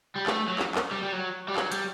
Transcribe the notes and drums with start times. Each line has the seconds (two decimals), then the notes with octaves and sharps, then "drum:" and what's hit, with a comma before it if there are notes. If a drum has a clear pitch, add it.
0.16 G3
0.26 A3, drum: clap
0.48 F#3
0.59 drum: clap
0.75 drum: clap
0.91 G3
1.03 G3
1.12 F#3
1.48 G3
1.56 F#3, drum: clap
1.72 G3, drum: hi-hat